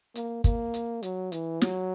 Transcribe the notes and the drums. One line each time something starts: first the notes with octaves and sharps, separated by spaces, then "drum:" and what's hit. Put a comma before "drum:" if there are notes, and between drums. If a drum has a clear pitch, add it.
A#3, drum: hi-hat
A#3, drum: kick, hi-hat
drum: hi-hat
F#3, drum: hi-hat
E3, drum: hi-hat
F#3, drum: snare